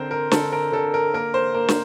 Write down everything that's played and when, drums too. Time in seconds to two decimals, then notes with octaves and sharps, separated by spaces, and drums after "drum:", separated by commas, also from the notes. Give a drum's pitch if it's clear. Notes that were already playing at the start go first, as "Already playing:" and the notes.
Already playing: D3 C4 A#4 C5
0.11 A#4
0.31 D3 A4, drum: snare
0.52 A#4
0.72 D3 A4
0.94 A#4
1.13 A#3 A#4
1.34 C5
1.54 A#3 A#4
1.68 drum: snare